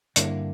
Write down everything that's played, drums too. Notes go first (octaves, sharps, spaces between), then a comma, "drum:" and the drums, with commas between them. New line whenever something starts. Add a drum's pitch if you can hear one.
G2 D3 A#3 E4, drum: hi-hat